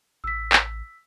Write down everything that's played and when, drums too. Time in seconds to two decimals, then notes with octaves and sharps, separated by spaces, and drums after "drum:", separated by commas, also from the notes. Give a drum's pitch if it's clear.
0.24 A1 E6 B6
0.53 drum: clap